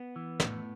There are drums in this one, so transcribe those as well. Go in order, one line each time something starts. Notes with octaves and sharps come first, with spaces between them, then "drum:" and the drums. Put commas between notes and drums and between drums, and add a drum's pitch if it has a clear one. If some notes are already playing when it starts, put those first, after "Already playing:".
Already playing: B3
E3
A2, drum: snare